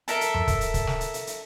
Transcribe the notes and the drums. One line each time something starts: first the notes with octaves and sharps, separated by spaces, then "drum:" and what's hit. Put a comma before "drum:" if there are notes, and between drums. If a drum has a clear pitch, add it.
A4 A#4 E5, drum: hi-hat
drum: hi-hat
drum: tom F2
drum: kick, hi-hat
drum: hi-hat
drum: kick, hi-hat
drum: snare
drum: hi-hat
drum: hi-hat
drum: hi-hat